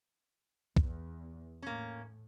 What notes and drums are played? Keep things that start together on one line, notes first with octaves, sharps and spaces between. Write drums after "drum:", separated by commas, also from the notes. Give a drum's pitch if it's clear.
E2, drum: kick
A2 A#3 C#4